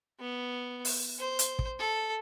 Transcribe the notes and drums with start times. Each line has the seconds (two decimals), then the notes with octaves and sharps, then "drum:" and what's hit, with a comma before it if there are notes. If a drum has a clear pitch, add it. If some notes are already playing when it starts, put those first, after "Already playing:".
0.20 B3
0.85 drum: open hi-hat
1.19 C5
1.39 drum: hi-hat
1.59 drum: kick
1.79 A4